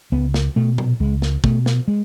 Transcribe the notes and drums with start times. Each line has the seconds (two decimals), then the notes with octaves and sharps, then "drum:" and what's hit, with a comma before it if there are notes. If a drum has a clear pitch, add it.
0.12 C#2 B3
0.34 drum: snare
0.56 B2 A3
0.78 drum: tom A#2
1.00 C#2 G#3
1.22 drum: snare
1.44 B2 A3, drum: kick
1.66 drum: snare
1.88 G#3